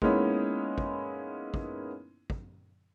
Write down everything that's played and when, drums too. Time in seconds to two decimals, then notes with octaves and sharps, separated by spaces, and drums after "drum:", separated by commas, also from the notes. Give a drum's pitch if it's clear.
0.02 G#3 A#3 B3 C#4 D#4 E4, drum: kick
0.78 drum: kick
1.54 drum: kick
2.30 drum: kick